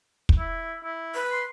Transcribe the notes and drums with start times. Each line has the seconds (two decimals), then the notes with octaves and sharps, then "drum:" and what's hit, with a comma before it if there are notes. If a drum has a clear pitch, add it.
0.29 drum: kick
0.38 E4
0.84 E4
1.15 B4
1.32 C6